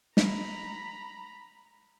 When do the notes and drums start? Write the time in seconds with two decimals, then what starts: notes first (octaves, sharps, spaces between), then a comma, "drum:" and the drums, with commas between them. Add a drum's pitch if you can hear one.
0.17 A#5 B5, drum: snare